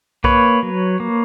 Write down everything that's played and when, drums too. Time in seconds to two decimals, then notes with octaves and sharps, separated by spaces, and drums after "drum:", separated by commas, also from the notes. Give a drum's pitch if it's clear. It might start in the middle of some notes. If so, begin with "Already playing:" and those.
0.24 A#3 B4 C#5, drum: kick B1
0.63 F#3
1.00 A#3